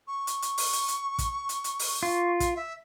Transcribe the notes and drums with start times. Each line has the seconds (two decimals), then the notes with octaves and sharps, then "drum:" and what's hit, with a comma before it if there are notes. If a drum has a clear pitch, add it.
0.07 C#6
0.27 drum: hi-hat
0.42 drum: hi-hat
0.58 drum: open hi-hat
0.73 drum: hi-hat
0.88 drum: hi-hat
1.18 drum: kick, hi-hat
1.49 drum: hi-hat
1.64 drum: hi-hat
1.79 drum: open hi-hat
2.03 F4
2.40 drum: kick, hi-hat
2.56 E5